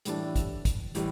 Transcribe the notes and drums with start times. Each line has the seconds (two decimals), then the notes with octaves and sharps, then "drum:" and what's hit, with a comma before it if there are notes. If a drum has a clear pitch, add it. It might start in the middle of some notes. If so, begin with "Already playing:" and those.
0.05 A2 E3 G3 D4 A4, drum: hi-hat
0.36 drum: kick, hi-hat
0.65 drum: kick, hi-hat
0.95 A2 E3 G3, drum: hi-hat